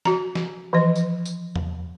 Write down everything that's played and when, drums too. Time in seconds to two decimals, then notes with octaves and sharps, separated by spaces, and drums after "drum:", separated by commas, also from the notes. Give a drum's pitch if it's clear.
0.05 F#4 A#5, drum: snare
0.35 drum: snare
0.73 E3 F3 D#5
0.95 drum: tambourine
1.26 drum: tambourine
1.56 drum: tom E2